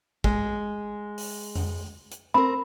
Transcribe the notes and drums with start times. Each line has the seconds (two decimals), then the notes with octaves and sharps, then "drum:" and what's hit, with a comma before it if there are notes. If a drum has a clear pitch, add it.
0.24 G#3, drum: kick
1.18 drum: open hi-hat
1.55 drum: tom F2
2.12 drum: hi-hat
2.34 C4 A#4 B5